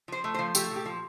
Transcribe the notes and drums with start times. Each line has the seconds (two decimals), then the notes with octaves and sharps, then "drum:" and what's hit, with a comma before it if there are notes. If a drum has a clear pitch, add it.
0.08 F3 C5
0.24 A3
0.34 C5
0.39 F3
0.55 A3 G4, drum: tambourine
0.71 A#2
0.76 G4
0.85 F3